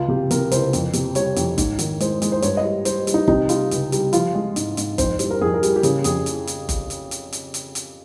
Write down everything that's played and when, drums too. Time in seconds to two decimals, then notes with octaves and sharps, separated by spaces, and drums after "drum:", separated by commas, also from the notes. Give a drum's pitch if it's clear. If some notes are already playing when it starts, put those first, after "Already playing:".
Already playing: C#2 F4
0.08 C3 G4
0.31 C3 A#4, drum: hi-hat
0.52 C#2 C5, drum: hi-hat
0.73 F2, drum: hi-hat
0.93 C3, drum: hi-hat
1.15 G3 C#5, drum: hi-hat
1.36 F2, drum: hi-hat
1.58 G#2, drum: kick F#1, hi-hat
1.79 D#3, drum: hi-hat
2.00 G#3 C5, drum: hi-hat
2.22 G#3, drum: hi-hat
2.32 C5
2.42 G2 C#5, drum: hi-hat
2.57 D#5
2.65 G3
2.85 G3 C5, drum: hi-hat
3.07 G3, drum: hi-hat
3.14 D#4
3.28 C3 D#4, drum: kick F#1
3.49 G3 F4, drum: hi-hat
3.71 C#2, drum: hi-hat
3.92 G3, drum: hi-hat
4.13 F3 F4, drum: hi-hat
4.35 G#3
4.56 G#2, drum: hi-hat
4.77 G#2, drum: hi-hat
4.98 F2 C5, drum: kick F#1, hi-hat
5.19 G3 C5, drum: hi-hat
5.30 A#4
5.41 F2 G#4
5.54 A#4
5.63 G3, drum: hi-hat
5.76 G4
5.83 C#3 G#4, drum: hi-hat
6.04 F2 G#4, drum: hi-hat
6.26 drum: hi-hat
6.47 drum: hi-hat
6.69 drum: kick F#1, hi-hat
6.90 drum: hi-hat
7.11 drum: hi-hat
7.33 drum: hi-hat
7.54 drum: hi-hat
7.75 drum: hi-hat